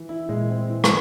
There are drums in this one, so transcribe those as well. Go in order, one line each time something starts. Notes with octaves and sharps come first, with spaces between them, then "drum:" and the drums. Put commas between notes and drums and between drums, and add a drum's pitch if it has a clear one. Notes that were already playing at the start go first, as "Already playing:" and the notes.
Already playing: E3
E4
A#2 G#3
C4
E3
drum: rim click